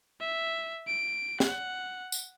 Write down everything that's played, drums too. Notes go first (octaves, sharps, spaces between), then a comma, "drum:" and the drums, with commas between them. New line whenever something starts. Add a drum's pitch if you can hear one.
E5
D7
F#5, drum: snare
drum: tambourine